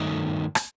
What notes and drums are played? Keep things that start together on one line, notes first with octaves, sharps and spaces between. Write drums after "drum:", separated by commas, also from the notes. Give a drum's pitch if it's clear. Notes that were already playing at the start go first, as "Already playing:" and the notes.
Already playing: G2 D#3 A3 D#4
drum: rim click